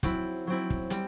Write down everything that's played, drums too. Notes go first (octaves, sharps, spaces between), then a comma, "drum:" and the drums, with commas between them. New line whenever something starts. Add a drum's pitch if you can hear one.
F#3 C4 E4, drum: kick, hi-hat
F#3 C4 E4
drum: kick
G3 C4, drum: hi-hat